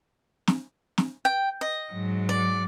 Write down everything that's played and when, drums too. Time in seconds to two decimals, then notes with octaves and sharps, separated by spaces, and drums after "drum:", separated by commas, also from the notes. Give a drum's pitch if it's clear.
0.47 drum: snare
0.98 drum: snare
1.25 G5
1.61 D#5
1.92 G#2 F#3
2.29 D5